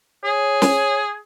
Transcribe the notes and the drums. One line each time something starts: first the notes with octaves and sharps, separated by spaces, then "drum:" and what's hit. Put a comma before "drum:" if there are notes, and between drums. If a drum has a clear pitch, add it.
G#4 C#5
drum: snare